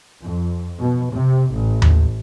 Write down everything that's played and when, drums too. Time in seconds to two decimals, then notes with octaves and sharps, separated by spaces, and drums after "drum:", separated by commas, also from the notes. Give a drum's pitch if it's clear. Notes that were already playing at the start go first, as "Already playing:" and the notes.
0.21 F2
0.79 B2
1.13 C3
1.51 A1
1.82 drum: tom D#2